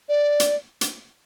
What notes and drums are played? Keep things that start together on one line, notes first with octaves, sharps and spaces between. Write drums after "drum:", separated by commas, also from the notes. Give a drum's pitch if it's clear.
D5
drum: hi-hat
drum: hi-hat